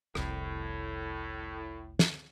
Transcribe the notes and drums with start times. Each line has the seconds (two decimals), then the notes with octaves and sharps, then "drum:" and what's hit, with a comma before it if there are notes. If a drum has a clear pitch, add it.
0.15 F1 C2 A2, drum: rim click
1.99 drum: snare